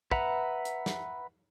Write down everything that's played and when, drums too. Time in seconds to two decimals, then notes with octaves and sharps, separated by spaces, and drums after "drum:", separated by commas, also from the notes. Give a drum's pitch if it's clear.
0.11 B4 E5 F#5 A#5, drum: kick
0.65 drum: hi-hat
0.86 drum: snare